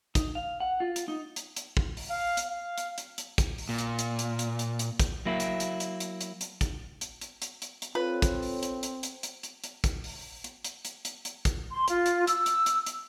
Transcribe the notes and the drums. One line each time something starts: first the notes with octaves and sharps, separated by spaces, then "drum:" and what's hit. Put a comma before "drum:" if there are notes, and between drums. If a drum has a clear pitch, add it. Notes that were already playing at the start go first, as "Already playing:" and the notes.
D#4, drum: kick, hi-hat
F5
F#5
F4
drum: hi-hat
D#4
drum: hi-hat
drum: hi-hat
drum: kick
drum: open hi-hat
F5
drum: hi-hat
F5
drum: hi-hat
drum: hi-hat
drum: hi-hat
drum: kick, hi-hat
drum: open hi-hat
A#2
drum: hi-hat
drum: hi-hat
drum: hi-hat
drum: hi-hat
drum: hi-hat
drum: hi-hat
drum: kick, hi-hat
F#3 A#3 E4
drum: hi-hat
drum: hi-hat
drum: hi-hat
drum: hi-hat
drum: hi-hat
drum: hi-hat
drum: kick, hi-hat
drum: hi-hat
drum: hi-hat
drum: hi-hat
drum: hi-hat
drum: hi-hat
C4 F4 A4 B4 C#5
drum: kick, hi-hat
drum: open hi-hat
drum: hi-hat
drum: hi-hat
drum: hi-hat
drum: hi-hat
drum: hi-hat
drum: hi-hat
drum: kick, hi-hat
drum: open hi-hat
drum: hi-hat
drum: hi-hat
drum: hi-hat
drum: hi-hat
drum: hi-hat
drum: kick, hi-hat
C6
F4, drum: hi-hat
drum: hi-hat
E6, drum: hi-hat
drum: hi-hat
drum: hi-hat
drum: hi-hat